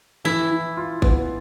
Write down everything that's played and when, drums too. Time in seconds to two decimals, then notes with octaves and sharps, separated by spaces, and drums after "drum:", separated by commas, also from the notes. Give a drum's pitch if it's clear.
0.25 E3 E4
0.50 E3
0.77 F4
1.02 B3, drum: kick G#1